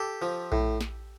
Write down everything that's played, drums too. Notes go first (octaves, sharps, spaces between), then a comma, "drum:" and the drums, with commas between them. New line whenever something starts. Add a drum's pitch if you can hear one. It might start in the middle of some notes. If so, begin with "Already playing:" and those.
Already playing: G4 A4
F3
A2, drum: kick A#1
drum: snare